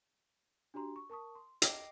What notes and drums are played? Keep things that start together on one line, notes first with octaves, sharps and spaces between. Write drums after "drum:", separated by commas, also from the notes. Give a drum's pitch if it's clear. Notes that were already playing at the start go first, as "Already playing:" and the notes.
D4 F#4 G4 A#5 C6
C#6
A#4 A5 C#6 D#6
C6
D#5 G5 D6 A#6 C7 D7, drum: hi-hat